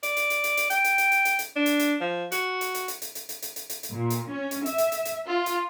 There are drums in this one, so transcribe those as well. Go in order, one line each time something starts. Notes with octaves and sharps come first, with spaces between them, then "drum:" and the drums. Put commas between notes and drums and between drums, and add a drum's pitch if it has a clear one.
D5, drum: hi-hat
drum: hi-hat
drum: hi-hat
drum: hi-hat
drum: hi-hat
G5, drum: hi-hat
drum: hi-hat
drum: hi-hat
drum: hi-hat
drum: hi-hat
drum: hi-hat
D4
drum: hi-hat
drum: hi-hat
F3
F#4, drum: hi-hat
drum: hi-hat
drum: hi-hat
drum: hi-hat
drum: hi-hat
drum: hi-hat
drum: hi-hat
drum: hi-hat
drum: hi-hat
drum: hi-hat
drum: hi-hat
A#2
drum: hi-hat
C#4
drum: hi-hat
E5, drum: hi-hat
drum: hi-hat
drum: hi-hat
drum: hi-hat
F4
drum: hi-hat